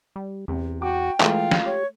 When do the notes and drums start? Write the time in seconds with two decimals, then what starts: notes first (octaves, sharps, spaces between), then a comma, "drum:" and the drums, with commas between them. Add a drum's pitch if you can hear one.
0.16 G3
0.48 E2 C3
0.82 F#4 G5 D6
1.21 E3 G#3 A3 F4, drum: clap
1.51 drum: snare
1.66 G4 C#5